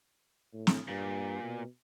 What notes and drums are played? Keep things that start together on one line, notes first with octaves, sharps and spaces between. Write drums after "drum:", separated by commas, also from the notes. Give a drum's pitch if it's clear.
A2
drum: snare
G2 A#2
B2